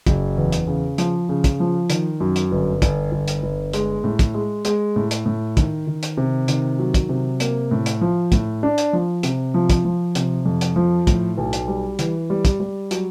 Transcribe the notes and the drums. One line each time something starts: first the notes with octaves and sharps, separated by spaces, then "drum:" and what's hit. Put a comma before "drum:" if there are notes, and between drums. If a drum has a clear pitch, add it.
F#1, drum: kick, hi-hat
E2
drum: hi-hat
C#3
F3, drum: hi-hat
C#3
drum: kick, hi-hat
F3
D#3, drum: hi-hat
F#2
drum: hi-hat
G1
G1, drum: kick, hi-hat
G1
drum: hi-hat
G1
G#3, drum: hi-hat
A2
drum: kick, hi-hat
G#3
G#3, drum: hi-hat
A2
drum: hi-hat
A2
D#3, drum: kick, hi-hat
D#3
drum: hi-hat
C3
D#3, drum: hi-hat
F#3
drum: kick, hi-hat
C3
A#3, drum: hi-hat
A2
drum: hi-hat
F3
A2, drum: kick, hi-hat
D4
drum: hi-hat
F3
C3, drum: hi-hat
F3
drum: kick, hi-hat
F3
C3, drum: hi-hat
F2
drum: hi-hat
F3
A2, drum: kick, hi-hat
B1
drum: hi-hat
G3
E3, drum: hi-hat
G3
drum: kick, hi-hat
G3
F#3, drum: hi-hat